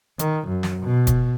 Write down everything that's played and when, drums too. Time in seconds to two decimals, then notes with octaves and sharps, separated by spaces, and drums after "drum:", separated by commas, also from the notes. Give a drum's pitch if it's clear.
0.19 D#3, drum: hi-hat
0.48 F#2
0.63 drum: snare
0.81 B2
1.07 drum: kick F1, hi-hat